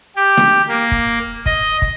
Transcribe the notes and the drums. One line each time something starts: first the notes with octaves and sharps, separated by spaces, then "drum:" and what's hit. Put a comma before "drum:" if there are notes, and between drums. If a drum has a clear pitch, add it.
G4
drum: snare
A#3
drum: kick
D#5, drum: kick
drum: kick